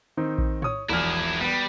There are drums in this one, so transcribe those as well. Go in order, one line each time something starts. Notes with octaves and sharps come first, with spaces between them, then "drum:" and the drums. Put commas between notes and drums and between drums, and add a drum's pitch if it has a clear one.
D#3 C4 D#4
drum: kick A#1
C#5 D#6, drum: tom
E1 A#1 E4 G#4 F6
G3 B3